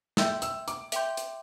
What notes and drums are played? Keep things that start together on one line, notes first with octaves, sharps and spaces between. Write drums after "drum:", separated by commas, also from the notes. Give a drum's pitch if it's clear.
E5 G5 C6 E6 G6, drum: snare
E6, drum: hi-hat
D6, drum: hi-hat
E5 G5 C6 G6, drum: hi-hat
drum: hi-hat